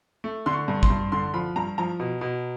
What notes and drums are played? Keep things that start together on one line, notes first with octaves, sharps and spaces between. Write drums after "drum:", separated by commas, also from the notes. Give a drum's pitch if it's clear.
A3
D3 C6
C#6
G2
C6, drum: kick G#1
G2
D3 C6
F3 B5
G2 A#5
F3 A#5
B2
B2